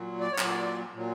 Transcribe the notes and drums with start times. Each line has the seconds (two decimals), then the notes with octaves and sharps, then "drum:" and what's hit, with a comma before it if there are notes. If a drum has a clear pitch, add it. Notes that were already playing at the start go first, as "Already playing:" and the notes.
Already playing: A#2 F#3
0.20 D5
0.32 C#5
0.39 A#2 F#3, drum: clap
0.45 D5
0.93 A#2 F#3